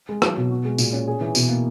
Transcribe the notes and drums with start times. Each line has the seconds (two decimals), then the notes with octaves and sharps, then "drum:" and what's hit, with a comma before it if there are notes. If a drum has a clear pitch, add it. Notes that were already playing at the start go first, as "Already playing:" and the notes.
0.09 G#3
0.22 F#3, drum: rim click
0.37 B2
0.51 F#4
0.65 G#3
0.78 A#2, drum: tambourine
0.93 C#4
1.08 G#4
1.21 E3
1.35 B2, drum: tambourine
1.49 A#3